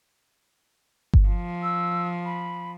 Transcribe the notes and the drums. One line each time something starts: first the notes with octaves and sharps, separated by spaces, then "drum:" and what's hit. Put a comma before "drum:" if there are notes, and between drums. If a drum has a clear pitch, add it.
drum: kick G1
F3
E6
B5